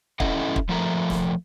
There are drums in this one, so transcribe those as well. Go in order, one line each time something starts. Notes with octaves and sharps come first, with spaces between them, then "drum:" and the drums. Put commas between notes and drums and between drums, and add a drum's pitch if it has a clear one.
C#4 E4 A4 D#5 E5 F#5, drum: kick
drum: kick
F3 A3 A#4 E5 A#5
drum: snare